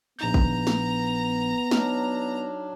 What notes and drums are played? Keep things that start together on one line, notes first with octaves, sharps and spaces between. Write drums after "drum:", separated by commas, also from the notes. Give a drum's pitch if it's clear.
A#1 B3 D#4 A#5 G6
drum: kick
drum: snare
F#3 D4 D#4 F6, drum: snare